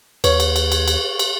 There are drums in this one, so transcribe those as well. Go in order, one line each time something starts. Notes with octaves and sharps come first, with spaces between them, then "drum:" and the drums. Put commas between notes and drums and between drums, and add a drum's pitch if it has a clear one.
D#2 B4 C#5, drum: cymbal
drum: cymbal
drum: cymbal
drum: cymbal
drum: cymbal
drum: cymbal